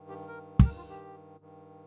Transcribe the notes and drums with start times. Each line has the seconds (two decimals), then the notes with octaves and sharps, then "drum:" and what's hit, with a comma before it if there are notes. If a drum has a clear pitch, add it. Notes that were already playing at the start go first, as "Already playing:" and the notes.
Already playing: G2 D#3
0.09 G4
0.27 A#4
0.59 G4, drum: kick
0.65 G2 D#3 A#4
0.77 F4
0.89 G4
1.40 G2 D#3